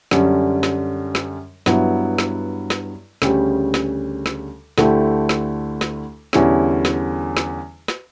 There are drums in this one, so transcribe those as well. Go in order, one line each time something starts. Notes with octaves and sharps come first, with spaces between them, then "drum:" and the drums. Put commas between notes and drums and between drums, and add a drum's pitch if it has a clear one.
F#2 D3 G3 C#4, drum: snare
drum: snare
drum: snare
G2 F#3 B3 E4, drum: snare
drum: snare
drum: snare
D2 C#3 G3 C#4 G4, drum: snare
drum: snare
drum: snare
D2 D3 A3 E4 G4, drum: snare
drum: snare
drum: snare
E2 D3 G3 C#4 E4, drum: snare
drum: snare
drum: snare
drum: snare